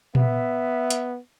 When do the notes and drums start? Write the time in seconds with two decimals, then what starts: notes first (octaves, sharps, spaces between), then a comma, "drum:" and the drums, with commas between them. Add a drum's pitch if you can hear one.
0.15 B3 E5, drum: tom A#2
0.90 drum: hi-hat